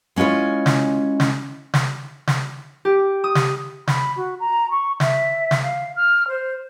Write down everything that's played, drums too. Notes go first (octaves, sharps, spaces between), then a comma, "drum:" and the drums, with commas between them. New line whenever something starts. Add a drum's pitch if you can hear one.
G#3 C#4 E4 F4 C#5
drum: snare
drum: snare
drum: snare
drum: snare
G4
D#6
drum: snare
B5, drum: snare
F#4
A#5
C#6
E5, drum: snare
drum: snare
F5
F6
C5